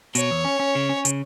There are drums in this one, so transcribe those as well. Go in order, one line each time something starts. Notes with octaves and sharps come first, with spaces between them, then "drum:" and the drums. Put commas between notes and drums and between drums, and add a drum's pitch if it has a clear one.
B2 C#5, drum: hi-hat
E2
C#4
C#4
C#3
C#4
C#3, drum: hi-hat